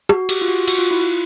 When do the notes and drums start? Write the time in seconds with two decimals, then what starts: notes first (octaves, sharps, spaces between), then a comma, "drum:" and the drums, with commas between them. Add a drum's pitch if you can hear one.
0.09 F#4, drum: rim click
0.29 G4, drum: cymbal
0.41 F4
0.48 F#4
0.68 F#4, drum: cymbal
0.79 F4
0.91 E4
1.01 F4